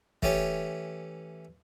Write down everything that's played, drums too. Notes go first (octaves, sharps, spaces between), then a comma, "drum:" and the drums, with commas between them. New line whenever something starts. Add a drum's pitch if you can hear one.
E3 A3 C#4 G4 C#5, drum: kick